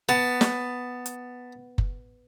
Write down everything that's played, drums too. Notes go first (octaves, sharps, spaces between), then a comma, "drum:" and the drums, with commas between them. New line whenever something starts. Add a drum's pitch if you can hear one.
B3 A5
drum: snare
drum: hi-hat
drum: kick F#1